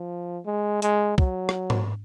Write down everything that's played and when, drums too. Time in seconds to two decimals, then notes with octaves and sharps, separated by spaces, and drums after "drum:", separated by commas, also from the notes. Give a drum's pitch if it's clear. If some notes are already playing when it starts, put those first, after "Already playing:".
Already playing: F3
0.46 G#3
0.82 G#3, drum: hi-hat
1.18 F#3, drum: kick
1.49 drum: rim click
1.70 drum: tom G#2